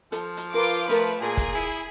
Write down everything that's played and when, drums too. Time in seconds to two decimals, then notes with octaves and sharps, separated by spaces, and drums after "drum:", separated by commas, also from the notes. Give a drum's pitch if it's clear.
0.12 F3 A4, drum: hi-hat
0.37 drum: hi-hat
0.54 F4 A#4 B4 D6
0.89 F3 A3 F4 A#4 B4, drum: hi-hat
1.21 A#2 G#4
1.37 drum: kick, hi-hat
1.55 E4